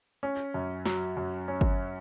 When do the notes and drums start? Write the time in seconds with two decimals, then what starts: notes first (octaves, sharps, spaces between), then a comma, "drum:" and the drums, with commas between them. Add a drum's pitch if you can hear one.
0.23 C#4
0.54 F#2
0.86 F#3, drum: snare
1.17 F#2
1.48 C#4
1.61 drum: kick G1